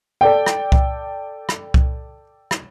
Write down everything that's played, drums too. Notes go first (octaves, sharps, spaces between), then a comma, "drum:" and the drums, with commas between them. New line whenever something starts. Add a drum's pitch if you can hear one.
A4 D5 G5
drum: rim click
drum: kick C2
drum: rim click
drum: kick C2
drum: rim click